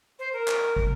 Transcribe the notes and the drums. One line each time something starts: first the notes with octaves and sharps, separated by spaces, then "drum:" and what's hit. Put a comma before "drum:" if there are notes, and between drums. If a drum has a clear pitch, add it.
C5
A#4
drum: clap
drum: kick